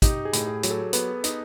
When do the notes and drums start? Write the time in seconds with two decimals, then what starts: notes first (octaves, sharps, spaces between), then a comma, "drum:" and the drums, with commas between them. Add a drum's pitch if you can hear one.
0.02 D#4 G4, drum: kick, hi-hat
0.25 G#4
0.33 A2, drum: hi-hat
0.48 G#4
0.63 F#3, drum: hi-hat
0.70 A4
0.93 B3 B4, drum: hi-hat
1.24 D#4, drum: hi-hat